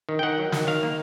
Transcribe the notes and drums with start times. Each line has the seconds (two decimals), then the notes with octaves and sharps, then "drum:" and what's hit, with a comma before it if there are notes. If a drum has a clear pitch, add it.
0.09 D#3
0.19 G5
0.23 D#3 F#5
0.38 F#3
0.52 D#3, drum: snare
0.67 D#3 F5
0.83 A#3